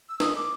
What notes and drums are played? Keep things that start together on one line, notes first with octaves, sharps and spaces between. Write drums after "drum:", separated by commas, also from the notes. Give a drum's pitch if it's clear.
E6
D#6, drum: snare
D6